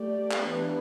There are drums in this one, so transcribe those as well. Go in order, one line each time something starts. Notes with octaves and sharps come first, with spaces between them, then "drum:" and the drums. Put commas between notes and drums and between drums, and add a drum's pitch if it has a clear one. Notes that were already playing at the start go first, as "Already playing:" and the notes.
Already playing: A3 G4 D5
drum: clap
E3 B3 D4 G4 B4